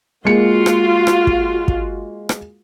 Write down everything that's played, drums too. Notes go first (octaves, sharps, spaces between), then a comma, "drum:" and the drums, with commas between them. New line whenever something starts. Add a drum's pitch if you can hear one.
G#3 A#3 F4 F#4 C#7
drum: rim click
drum: rim click
drum: kick
drum: kick
drum: rim click